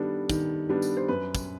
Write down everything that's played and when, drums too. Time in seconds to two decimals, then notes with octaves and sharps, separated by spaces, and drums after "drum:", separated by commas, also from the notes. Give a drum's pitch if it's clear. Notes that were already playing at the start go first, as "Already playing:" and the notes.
Already playing: D#3 G3 B3 D4 A4
0.30 D#3, drum: kick, tambourine
0.69 G3 B3 D4
0.82 drum: tambourine
0.97 C5
1.08 F#2 B4
1.35 drum: kick, tambourine